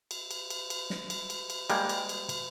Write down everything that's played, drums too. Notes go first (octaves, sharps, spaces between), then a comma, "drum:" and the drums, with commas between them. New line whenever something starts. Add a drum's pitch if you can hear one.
drum: cymbal
drum: cymbal
drum: cymbal
drum: cymbal
drum: snare
drum: cymbal
drum: cymbal
drum: cymbal
G3 G#3 A#3, drum: cymbal
drum: cymbal
drum: cymbal
drum: cymbal